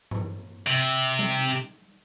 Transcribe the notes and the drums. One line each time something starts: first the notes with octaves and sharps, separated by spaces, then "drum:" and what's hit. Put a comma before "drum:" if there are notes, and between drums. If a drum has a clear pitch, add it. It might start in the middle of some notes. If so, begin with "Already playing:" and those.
drum: tom G2
C3
drum: snare